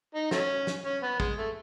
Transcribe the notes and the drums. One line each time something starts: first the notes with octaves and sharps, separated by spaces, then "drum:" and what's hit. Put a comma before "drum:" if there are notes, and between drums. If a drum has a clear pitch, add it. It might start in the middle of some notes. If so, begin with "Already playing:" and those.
D#4
F#3 A3 C#4, drum: snare
drum: snare
C#4
B3
G#3, drum: kick
A3